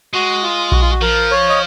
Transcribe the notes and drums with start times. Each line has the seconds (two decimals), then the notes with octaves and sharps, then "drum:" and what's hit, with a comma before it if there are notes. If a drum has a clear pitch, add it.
0.13 G#3 F#4
0.43 F4
0.72 F#4, drum: kick A#1
0.82 F4
0.91 F#4
1.01 F3 A#4
1.31 C#5
1.49 D#5